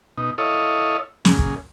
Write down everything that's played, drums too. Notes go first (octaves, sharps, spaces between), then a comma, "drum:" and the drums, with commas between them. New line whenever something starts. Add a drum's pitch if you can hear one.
B2 D#4
E4 A4 C#5 D#5 F5
F#2 A#2 C#3 G#4, drum: snare
drum: kick